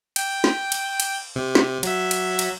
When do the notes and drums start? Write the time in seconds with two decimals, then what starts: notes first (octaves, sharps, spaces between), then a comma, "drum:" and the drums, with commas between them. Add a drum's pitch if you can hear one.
0.16 G5, drum: cymbal
0.44 drum: snare
0.72 drum: cymbal
1.00 drum: cymbal
1.36 C3
1.55 drum: snare
1.83 F#3 E5, drum: cymbal
2.11 drum: cymbal
2.39 drum: cymbal